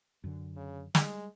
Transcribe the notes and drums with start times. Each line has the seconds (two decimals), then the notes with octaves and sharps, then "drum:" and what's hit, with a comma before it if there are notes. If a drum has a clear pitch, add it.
0.24 F#2 D3
0.57 C#3
0.95 G3 G#3, drum: snare